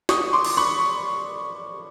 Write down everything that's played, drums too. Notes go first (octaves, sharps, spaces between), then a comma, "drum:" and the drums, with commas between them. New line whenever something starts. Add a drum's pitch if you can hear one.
C#6 D#6, drum: snare
C6 D6
drum: cymbal
B5 C#6